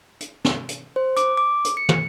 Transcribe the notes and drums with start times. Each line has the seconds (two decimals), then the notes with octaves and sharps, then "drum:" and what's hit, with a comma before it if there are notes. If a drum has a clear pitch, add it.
0.21 drum: hi-hat
0.45 drum: snare
0.69 drum: hi-hat
0.96 C5
1.17 D6, drum: hi-hat
1.37 D6
1.65 drum: hi-hat
1.77 C#7
1.89 drum: tom